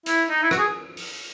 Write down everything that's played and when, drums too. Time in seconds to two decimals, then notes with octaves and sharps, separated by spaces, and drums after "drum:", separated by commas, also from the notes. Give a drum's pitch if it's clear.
0.06 E4, drum: hi-hat
0.29 D#4
0.43 E4
0.51 F#4, drum: rim click
0.58 G#4
0.97 drum: open hi-hat